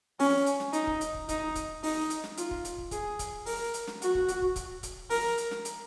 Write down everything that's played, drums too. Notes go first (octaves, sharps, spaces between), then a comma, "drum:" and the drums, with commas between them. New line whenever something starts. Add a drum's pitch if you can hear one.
C#4, drum: open hi-hat
drum: hi-hat
drum: snare
D#4, drum: hi-hat
drum: kick
drum: hi-hat
drum: kick
D#4, drum: kick, hi-hat
drum: kick, hi-hat
D#4, drum: open hi-hat
drum: hi-hat
drum: snare
F4, drum: hi-hat
drum: kick
drum: hi-hat
drum: kick
G#4, drum: kick, hi-hat
drum: kick, hi-hat
A#4, drum: open hi-hat
drum: hi-hat
drum: snare
F#4, drum: hi-hat
drum: kick
drum: hi-hat
drum: kick
drum: kick, hi-hat
drum: kick, hi-hat
A#4, drum: open hi-hat
drum: hi-hat
drum: snare
drum: hi-hat